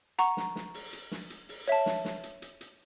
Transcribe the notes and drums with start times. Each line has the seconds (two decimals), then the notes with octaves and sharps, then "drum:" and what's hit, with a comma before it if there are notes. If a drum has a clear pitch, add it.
0.19 F#5 A#5 C#6, drum: hi-hat
0.37 drum: snare
0.56 drum: snare
0.74 drum: open hi-hat
0.93 drum: hi-hat
1.12 drum: snare
1.30 drum: hi-hat
1.49 drum: open hi-hat
1.68 C#5 E5 A5, drum: hi-hat
1.86 drum: snare
2.05 drum: snare
2.23 drum: hi-hat
2.42 drum: hi-hat
2.61 drum: hi-hat